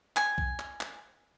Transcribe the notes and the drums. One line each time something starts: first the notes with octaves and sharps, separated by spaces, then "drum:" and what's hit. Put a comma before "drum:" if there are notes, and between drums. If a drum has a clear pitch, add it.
G#5, drum: clap
drum: kick B1
drum: clap
drum: clap